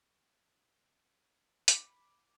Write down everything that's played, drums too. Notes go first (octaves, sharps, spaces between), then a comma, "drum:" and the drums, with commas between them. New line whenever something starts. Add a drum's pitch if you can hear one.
B5 D6, drum: hi-hat